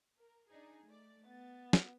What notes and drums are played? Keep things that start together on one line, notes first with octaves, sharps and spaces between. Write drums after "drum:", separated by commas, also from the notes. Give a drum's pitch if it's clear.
A#4
D4 D#4 G#4
A3 D5
B3 A6
drum: snare